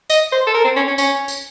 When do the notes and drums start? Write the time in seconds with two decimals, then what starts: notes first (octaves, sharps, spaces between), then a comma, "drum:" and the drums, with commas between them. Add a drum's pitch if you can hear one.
0.10 D#5, drum: tambourine
0.32 C5
0.47 A4
0.54 A#4
0.64 C4
0.76 C#4
0.88 C#4
0.98 C#4, drum: tambourine
1.28 drum: tambourine